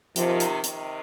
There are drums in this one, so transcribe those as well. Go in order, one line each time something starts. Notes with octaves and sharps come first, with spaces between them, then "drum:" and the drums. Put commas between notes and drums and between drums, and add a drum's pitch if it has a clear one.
C3 D#3 F3, drum: hi-hat
drum: hi-hat
C3 D#3, drum: hi-hat